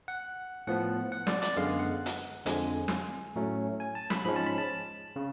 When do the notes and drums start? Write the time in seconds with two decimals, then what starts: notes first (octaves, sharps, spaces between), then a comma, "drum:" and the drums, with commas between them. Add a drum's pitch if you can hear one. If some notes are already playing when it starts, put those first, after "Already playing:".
0.08 F#5
0.67 A2 F3 B3 F#5
1.12 F#5
1.27 D5, drum: snare
1.42 D5, drum: hi-hat
1.56 F#2 D3 G#3 B3 F5
1.79 F#5
2.06 drum: hi-hat
2.46 F2 D3 F3 G#3 G#5, drum: hi-hat
2.88 drum: snare
3.36 A2 F#3 A3 C#4
3.80 G#5
3.95 A5
4.10 B5, drum: snare
4.25 G#2 F3 G#3 C#4 B5
4.36 A5
4.47 B5
4.58 A5
5.16 C#3